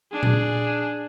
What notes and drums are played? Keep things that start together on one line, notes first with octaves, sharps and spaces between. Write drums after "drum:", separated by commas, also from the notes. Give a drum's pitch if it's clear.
D4 G#4
drum: tom A#2